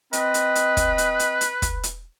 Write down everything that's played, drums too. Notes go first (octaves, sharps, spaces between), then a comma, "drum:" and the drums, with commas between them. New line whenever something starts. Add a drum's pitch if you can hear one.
C4 B4 D#5, drum: hi-hat
drum: hi-hat
drum: hi-hat
drum: kick, hi-hat
drum: hi-hat
drum: hi-hat
drum: hi-hat
drum: kick, hi-hat
drum: hi-hat